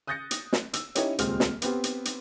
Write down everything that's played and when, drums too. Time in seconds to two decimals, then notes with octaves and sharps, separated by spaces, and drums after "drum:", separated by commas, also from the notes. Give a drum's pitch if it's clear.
0.07 D#6 F#6 G6 A6 A#6 C#7
0.31 drum: hi-hat
0.53 drum: snare
0.73 E6, drum: hi-hat
0.95 C#4 D#4 E4 G4 C#5 D#5, drum: hi-hat
1.19 D#1 C#2 G#3 C4 F6, drum: hi-hat
1.40 drum: snare
1.62 B3 C4 G4, drum: hi-hat
1.84 drum: hi-hat
2.05 drum: hi-hat